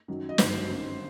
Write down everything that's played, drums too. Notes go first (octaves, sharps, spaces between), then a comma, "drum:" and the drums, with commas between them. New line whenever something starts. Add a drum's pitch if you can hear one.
F#2 D#3 F#3
D#5
G1 G2 D#3 F#3 C5, drum: snare
G1 F#2 D#3